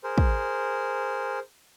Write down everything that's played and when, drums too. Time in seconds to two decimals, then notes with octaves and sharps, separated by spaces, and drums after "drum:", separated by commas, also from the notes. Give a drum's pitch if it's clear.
0.04 G#4 A#4 C5
0.18 drum: kick